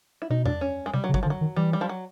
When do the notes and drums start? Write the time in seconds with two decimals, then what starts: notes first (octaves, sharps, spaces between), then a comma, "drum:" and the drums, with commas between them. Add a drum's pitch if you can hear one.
0.22 E4
0.30 B2 D#4
0.46 D4, drum: tom E2
0.61 C#4
0.86 G#3
0.93 C3 G3
1.04 F#3
1.09 C#3
1.14 F#3, drum: kick G1
1.23 F3
1.26 D3
1.30 F#3
1.41 D#3
1.56 E3 G3
1.73 G3
1.81 F3
1.89 F#3